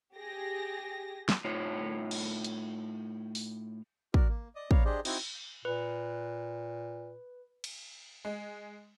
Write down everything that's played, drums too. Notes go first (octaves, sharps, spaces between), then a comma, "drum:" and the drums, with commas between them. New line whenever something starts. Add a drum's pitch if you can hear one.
G4 G#4 A#6
drum: snare
A2 D#4 F4 C#5
drum: cymbal
drum: hi-hat
drum: open hi-hat
F#4 A#4 D5, drum: kick
A#3
D5 D#5 D#6
B3 C#5 D5 F5 A#5, drum: kick
D4 G4 G#4 C5 D5 D#5
C4 D#4 E4 F#4 D#5, drum: cymbal
A#2 B4
drum: cymbal
G#3